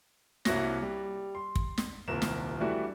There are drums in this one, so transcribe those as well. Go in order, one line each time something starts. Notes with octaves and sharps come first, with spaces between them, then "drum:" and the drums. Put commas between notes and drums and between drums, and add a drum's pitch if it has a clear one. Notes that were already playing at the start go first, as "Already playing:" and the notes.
C2 A#3 E4 F#4 C#5 A#6, drum: snare
G3
C6
drum: kick
drum: snare
D#1 C2 A#2 A#4 E7
drum: snare
E3 G3 A3 D4 E4 F#4